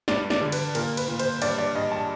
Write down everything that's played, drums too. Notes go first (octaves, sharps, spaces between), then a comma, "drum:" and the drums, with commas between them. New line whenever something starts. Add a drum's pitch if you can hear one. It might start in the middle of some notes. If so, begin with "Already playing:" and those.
G2 D5, drum: snare
D5, drum: snare
D3
B4, drum: cymbal
A#2 A#4, drum: cymbal
B4, drum: cymbal
A#2
C5, drum: cymbal
G2 D5, drum: cymbal
D5
G2 D#5
A5